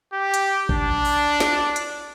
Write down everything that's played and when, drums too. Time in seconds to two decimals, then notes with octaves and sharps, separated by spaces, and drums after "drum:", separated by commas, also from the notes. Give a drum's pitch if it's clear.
0.13 G4
0.34 drum: hi-hat
0.69 D4, drum: kick G#1
1.05 drum: open hi-hat
1.40 drum: snare
1.76 drum: hi-hat